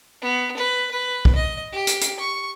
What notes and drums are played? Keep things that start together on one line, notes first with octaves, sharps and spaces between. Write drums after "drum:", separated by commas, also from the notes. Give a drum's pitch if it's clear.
B3
B4
B4
drum: kick
D#5
G4
drum: hi-hat
drum: hi-hat
C#6